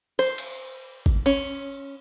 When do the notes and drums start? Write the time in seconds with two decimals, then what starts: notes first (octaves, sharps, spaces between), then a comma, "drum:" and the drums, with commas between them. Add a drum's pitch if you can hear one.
0.19 C5, drum: cymbal
0.38 drum: cymbal
1.06 drum: kick
1.26 C#4, drum: cymbal